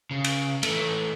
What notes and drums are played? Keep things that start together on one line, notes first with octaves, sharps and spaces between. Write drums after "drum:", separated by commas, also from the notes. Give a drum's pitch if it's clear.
C#3
drum: cymbal
E3 A3, drum: cymbal